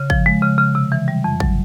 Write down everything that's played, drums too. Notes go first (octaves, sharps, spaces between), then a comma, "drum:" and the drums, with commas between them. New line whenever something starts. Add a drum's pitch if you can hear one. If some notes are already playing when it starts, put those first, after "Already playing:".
Already playing: C#3
F3, drum: kick
G#3
C#3
C#3
C3
E3
G3
F2
F#3, drum: kick